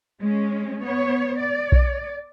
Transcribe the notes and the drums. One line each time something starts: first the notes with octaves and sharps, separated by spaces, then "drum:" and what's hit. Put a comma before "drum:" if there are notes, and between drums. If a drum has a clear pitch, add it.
G#3 C#4
B3 C#5
D5
drum: kick B1